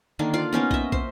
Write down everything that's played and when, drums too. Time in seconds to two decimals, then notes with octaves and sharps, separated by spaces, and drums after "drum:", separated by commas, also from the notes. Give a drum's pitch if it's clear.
0.19 D3 D#3 A#3 D4
0.34 F4 D5 F5
0.53 A#3 B3 C#4 D#4
0.71 D#5 E5, drum: kick
0.92 C5, drum: kick